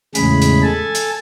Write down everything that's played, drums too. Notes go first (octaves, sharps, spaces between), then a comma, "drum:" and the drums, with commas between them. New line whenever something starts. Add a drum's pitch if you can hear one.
E2 A2 C#3 G#3 G#4 B5, drum: hi-hat
drum: hi-hat
A4 G#5 A5
drum: hi-hat